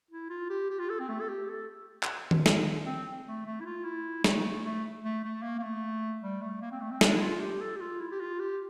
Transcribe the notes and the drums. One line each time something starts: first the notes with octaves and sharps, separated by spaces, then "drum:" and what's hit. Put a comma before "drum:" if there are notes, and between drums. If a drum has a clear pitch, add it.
E4
F4
G4
G4
F4
A4
C4
A3
A4
G4
A4
drum: clap
drum: tom D#3
drum: snare
C4
A3
A3
E4
F4
E4
A3, drum: snare
A3
A3
A3
A#3
A#3
A3
G3
A3
A#3
C4
A3
C4
D4, drum: snare
E4
F4
G4
A4
G4
F4
E4
G4
F4
G4